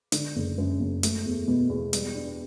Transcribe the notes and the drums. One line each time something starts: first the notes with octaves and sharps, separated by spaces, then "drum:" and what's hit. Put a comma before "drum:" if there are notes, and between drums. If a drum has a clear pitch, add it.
D3, drum: hi-hat
F#1
F#2
F#1
A3, drum: hi-hat
E2
B2
E2
G3, drum: hi-hat
D4